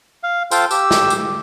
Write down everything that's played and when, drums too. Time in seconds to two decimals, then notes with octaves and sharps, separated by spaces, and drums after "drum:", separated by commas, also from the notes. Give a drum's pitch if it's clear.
0.23 F5
0.51 F4 A4 C5 F5 G5, drum: tambourine
0.71 G4 E6, drum: tambourine
0.91 drum: snare
1.10 drum: tambourine